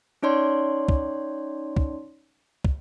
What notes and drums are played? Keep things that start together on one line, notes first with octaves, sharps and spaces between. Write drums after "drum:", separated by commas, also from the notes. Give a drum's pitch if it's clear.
C#4 D#4 C#5 D5 C6
drum: kick
drum: kick
drum: kick